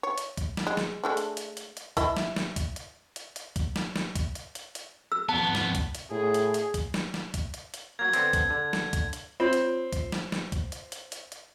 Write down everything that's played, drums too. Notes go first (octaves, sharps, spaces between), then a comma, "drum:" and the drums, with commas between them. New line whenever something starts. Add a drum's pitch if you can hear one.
C#5
drum: hi-hat
drum: kick C2, hi-hat
drum: snare
G#3 D#5
drum: snare
G#3 A3 D4
drum: hi-hat
drum: hi-hat
drum: hi-hat
drum: hi-hat
E4 D#5 E5, drum: kick C2, hi-hat
drum: snare
drum: snare
drum: kick C2, hi-hat
drum: hi-hat
drum: hi-hat
drum: hi-hat
drum: kick C2, hi-hat
drum: snare
drum: snare
drum: kick C2, hi-hat
drum: hi-hat
drum: hi-hat
drum: hi-hat
E6
F2 B3 A5
drum: snare
drum: kick C2, hi-hat
drum: hi-hat
A2 G#4
drum: hi-hat
drum: hi-hat
drum: kick C2, hi-hat
drum: snare
drum: snare
drum: kick C2, hi-hat
drum: hi-hat
drum: hi-hat
F#3 A#3 G#6
D3 B3 C4, drum: hi-hat
drum: kick C2, hi-hat
D3
drum: snare
drum: kick C2, hi-hat
drum: hi-hat
C4 F4 C#5
drum: hi-hat
drum: kick C2, hi-hat
drum: snare
drum: snare
drum: kick C2, hi-hat
drum: hi-hat
drum: hi-hat
drum: hi-hat
drum: hi-hat